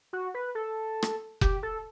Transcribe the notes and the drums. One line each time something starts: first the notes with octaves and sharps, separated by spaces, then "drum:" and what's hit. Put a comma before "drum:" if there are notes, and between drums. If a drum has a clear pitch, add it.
F#4
B4
A4
drum: rim click
G4, drum: kick F1
A4